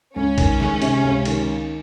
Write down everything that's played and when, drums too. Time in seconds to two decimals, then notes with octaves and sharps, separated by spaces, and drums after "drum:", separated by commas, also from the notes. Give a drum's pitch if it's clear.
0.16 C#2 C#4
0.38 D#3, drum: kick, cymbal
0.60 G#3, drum: snare
0.82 C3, drum: cymbal
1.04 C#2
1.25 D#3, drum: cymbal